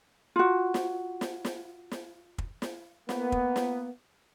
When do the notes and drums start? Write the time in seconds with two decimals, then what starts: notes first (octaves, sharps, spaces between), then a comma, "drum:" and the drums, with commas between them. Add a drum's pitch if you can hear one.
0.36 F4 F#4
0.74 drum: snare
1.21 drum: snare
1.45 drum: snare
1.91 drum: snare
2.38 drum: kick
2.62 drum: snare
3.09 A#3 B3, drum: snare
3.32 drum: kick
3.56 drum: snare